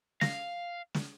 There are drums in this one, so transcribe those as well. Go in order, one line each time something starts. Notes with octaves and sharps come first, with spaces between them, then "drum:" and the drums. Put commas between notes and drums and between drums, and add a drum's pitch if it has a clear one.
F5 A#6, drum: snare
drum: snare